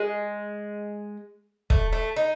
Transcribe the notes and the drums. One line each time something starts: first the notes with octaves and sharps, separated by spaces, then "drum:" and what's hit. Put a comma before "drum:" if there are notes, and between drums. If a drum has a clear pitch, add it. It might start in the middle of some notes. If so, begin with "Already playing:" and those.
Already playing: G#3
A3, drum: kick
A3
D#4